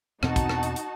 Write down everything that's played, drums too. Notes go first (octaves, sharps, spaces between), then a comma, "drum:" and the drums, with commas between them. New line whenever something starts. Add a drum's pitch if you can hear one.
E2 B2 C4 D#4 F#4 A5, drum: rim click
drum: kick, hi-hat
drum: rim click
drum: hi-hat
drum: hi-hat